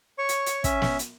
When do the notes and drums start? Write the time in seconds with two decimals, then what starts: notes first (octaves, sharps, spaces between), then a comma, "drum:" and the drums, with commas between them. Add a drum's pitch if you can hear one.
0.18 C#5 C#6
0.29 drum: hi-hat
0.46 drum: hi-hat
0.64 C#4 E5, drum: kick, hi-hat
0.82 drum: snare
0.99 drum: hi-hat